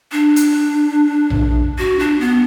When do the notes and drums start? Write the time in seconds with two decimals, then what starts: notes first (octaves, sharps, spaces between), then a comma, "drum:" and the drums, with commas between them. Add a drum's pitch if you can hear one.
0.12 D4
0.36 drum: hi-hat
1.30 drum: tom A#1
1.78 F#4
2.00 D4
2.20 B3